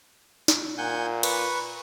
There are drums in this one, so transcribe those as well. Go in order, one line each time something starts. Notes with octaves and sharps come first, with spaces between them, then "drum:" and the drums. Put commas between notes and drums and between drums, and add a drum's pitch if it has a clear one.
drum: snare
A#2 F#5 G#5 G6
B4 C#6, drum: cymbal